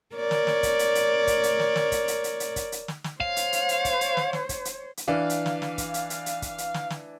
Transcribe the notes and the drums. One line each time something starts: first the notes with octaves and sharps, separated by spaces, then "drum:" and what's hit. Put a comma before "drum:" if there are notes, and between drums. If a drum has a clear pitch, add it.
A#4 C#5 D5
drum: snare
drum: snare
drum: kick, hi-hat
drum: hi-hat
drum: hi-hat
drum: kick, hi-hat
drum: hi-hat
drum: snare
drum: snare
drum: kick, hi-hat
drum: hi-hat
drum: hi-hat
drum: hi-hat
drum: kick, hi-hat
drum: hi-hat
drum: snare
drum: snare
C5 C#5 F5, drum: kick
drum: hi-hat
drum: hi-hat
drum: hi-hat
drum: kick, hi-hat
drum: hi-hat
drum: snare
drum: snare
drum: kick, hi-hat
drum: hi-hat
drum: hi-hat
E3 D4 F5
drum: hi-hat
drum: snare
drum: snare
drum: kick, hi-hat
drum: hi-hat
drum: hi-hat
drum: hi-hat
drum: kick, hi-hat
drum: hi-hat
drum: snare
drum: snare